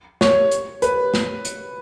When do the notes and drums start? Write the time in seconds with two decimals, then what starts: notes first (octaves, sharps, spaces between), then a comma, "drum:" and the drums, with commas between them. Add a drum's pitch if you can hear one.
0.21 C#5, drum: snare
0.51 drum: hi-hat
0.82 B4, drum: hi-hat
1.14 drum: snare
1.45 drum: hi-hat